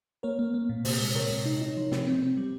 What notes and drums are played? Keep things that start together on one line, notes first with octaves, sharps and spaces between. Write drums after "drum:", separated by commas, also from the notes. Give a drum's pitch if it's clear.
A#3 A#4 C#5
A#3
A#3
A#2
C3 C5, drum: open hi-hat
G#3
C3 A#4 C#5
C3
D#4
D#4
F3
C3, drum: snare
C4
C4
G3